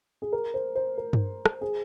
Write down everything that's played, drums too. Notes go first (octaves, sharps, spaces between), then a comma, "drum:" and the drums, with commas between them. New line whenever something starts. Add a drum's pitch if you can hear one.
G#4
A#4
C5
C5
A#4
drum: tom G2
drum: rim click
G#4